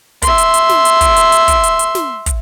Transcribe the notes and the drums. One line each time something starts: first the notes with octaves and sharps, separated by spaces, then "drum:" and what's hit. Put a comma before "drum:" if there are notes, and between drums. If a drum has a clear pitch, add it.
E5 C6, drum: kick, hi-hat
drum: hi-hat
drum: hi-hat
drum: snare
drum: hi-hat
drum: kick, hi-hat
drum: hi-hat
drum: hi-hat
drum: kick, hi-hat
drum: hi-hat
drum: hi-hat
drum: snare
drum: kick, hi-hat